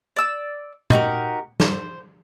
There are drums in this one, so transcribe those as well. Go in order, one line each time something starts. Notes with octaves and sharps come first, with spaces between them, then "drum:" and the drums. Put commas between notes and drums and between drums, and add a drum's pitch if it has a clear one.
D5 E6
D#4 F#4 G4 A#4, drum: tom A#2
C5, drum: snare